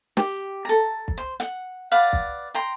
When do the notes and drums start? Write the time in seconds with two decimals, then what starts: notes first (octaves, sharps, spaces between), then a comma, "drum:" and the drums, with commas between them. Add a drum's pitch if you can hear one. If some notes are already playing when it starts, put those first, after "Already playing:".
0.17 G4, drum: snare
0.65 A4 A#5
1.08 drum: kick
1.18 C5
1.40 F#5, drum: hi-hat
1.91 B4 D5 F5 F#5
2.13 drum: kick
2.55 G5 A#5 C6